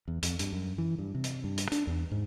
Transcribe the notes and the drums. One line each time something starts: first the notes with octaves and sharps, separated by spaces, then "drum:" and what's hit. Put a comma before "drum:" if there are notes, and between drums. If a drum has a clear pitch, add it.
E2
F2, drum: hi-hat
G2, drum: hi-hat
F#2
E3
G2
C3
drum: hi-hat
G2
drum: hi-hat
D4, drum: hi-hat
E2
G#2